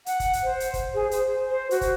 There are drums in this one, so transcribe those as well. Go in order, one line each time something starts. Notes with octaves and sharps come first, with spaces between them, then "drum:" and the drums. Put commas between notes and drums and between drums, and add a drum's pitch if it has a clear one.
F#5, drum: hi-hat
drum: kick, hi-hat
drum: hi-hat
C5
drum: hi-hat
drum: kick, hi-hat
G#4
C5, drum: hi-hat
C5
F#4, drum: hi-hat
drum: kick, hi-hat